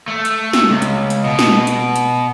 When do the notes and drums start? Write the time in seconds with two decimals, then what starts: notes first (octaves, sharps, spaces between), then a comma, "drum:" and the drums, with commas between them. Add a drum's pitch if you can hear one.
0.08 A3
0.25 drum: hi-hat
0.53 drum: snare
0.70 C#2
0.82 drum: hi-hat
1.10 drum: hi-hat
1.24 B2
1.39 drum: snare
1.67 drum: hi-hat
1.96 drum: hi-hat